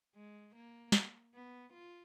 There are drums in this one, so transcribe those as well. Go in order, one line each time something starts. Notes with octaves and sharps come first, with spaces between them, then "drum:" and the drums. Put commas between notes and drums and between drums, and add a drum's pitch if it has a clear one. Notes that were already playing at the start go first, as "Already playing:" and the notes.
G#3
A#3
drum: snare
B3
F4